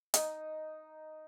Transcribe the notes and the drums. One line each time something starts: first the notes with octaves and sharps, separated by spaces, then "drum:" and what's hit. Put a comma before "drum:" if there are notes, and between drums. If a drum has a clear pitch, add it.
D#4, drum: hi-hat